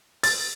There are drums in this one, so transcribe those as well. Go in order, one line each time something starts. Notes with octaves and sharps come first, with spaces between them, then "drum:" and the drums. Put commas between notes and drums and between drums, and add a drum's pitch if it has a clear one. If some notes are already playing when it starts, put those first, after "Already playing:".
A6, drum: open hi-hat